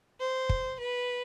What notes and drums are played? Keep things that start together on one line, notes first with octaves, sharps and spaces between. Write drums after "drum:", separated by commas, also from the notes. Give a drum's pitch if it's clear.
C5
drum: kick
B4